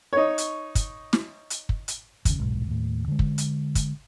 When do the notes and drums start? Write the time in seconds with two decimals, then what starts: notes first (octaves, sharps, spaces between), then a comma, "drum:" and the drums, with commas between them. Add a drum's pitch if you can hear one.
0.13 D#4 C#5
0.38 drum: hi-hat
0.75 drum: kick, hi-hat
1.13 drum: snare
1.50 drum: hi-hat
1.69 drum: kick
1.88 drum: hi-hat
2.25 D#2 C#3, drum: kick, hi-hat
2.39 D#1 B1 G#2
2.68 D#2 A2
3.08 D3 G#3
3.19 drum: kick
3.38 drum: hi-hat
3.75 drum: kick, hi-hat